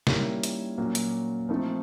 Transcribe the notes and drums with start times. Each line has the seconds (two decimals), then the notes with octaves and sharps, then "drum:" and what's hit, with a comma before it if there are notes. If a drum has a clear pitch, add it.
0.07 D#3 G3 A#3 C#4 E4, drum: snare
0.43 drum: hi-hat
0.78 A#2 F#3 A#3 C#4
0.95 drum: hi-hat
1.49 F3 A3 C4 D#4